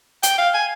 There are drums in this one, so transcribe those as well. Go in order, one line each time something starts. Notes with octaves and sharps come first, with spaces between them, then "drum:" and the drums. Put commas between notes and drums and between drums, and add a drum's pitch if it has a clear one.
G5, drum: hi-hat
F5
G#5